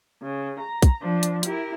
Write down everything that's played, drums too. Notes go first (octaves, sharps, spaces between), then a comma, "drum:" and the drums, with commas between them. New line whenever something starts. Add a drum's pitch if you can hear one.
C#3
A#5
drum: kick, hi-hat
F3 D4
drum: hi-hat
E4 G4 A#4, drum: hi-hat